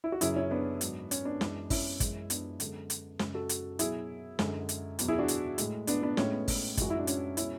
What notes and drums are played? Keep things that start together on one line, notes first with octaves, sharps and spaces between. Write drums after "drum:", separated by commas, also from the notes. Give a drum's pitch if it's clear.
E4
F#4
F#2 C#3 F#3 E4 G#4, drum: hi-hat
C#4 E4
B3 D4
G#2 F#3, drum: hi-hat
C#4, drum: hi-hat
B3 D4
F#2 E3 G#3, drum: snare
C#4 E4, drum: kick, open hi-hat
F#2 E3 G#3, drum: kick, hi-hat
B3 D4, drum: hi-hat
F#2 D3 G#3, drum: hi-hat
drum: hi-hat
F#2 C#3 G#3, drum: snare
F#4 A4
drum: hi-hat
B2 F#3 E4 G#4, drum: hi-hat
F#2 D3 G#3, drum: snare
drum: hi-hat
E2 B2 F#3, drum: hi-hat
E4 G#4
D4 F#4
drum: hi-hat
A2 G#3, drum: hi-hat
B3 D4, drum: hi-hat
B3 D4
A2 G#3 C#4, drum: snare
B3
drum: kick, open hi-hat
F#2 E3 G#3 F#4, drum: kick, hi-hat
E4
D4
C#4, drum: hi-hat
B2 G#3 C#4 E4, drum: hi-hat